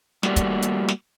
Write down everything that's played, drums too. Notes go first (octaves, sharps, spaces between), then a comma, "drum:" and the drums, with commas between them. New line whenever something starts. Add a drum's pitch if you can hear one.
G3 A3 A#3 F#4 G4 D5, drum: snare
drum: kick, hi-hat
drum: hi-hat
drum: snare